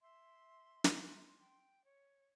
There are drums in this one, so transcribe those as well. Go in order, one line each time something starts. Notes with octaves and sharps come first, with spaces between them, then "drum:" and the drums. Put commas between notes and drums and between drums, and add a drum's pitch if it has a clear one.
E5 C6
drum: snare
G5
C#5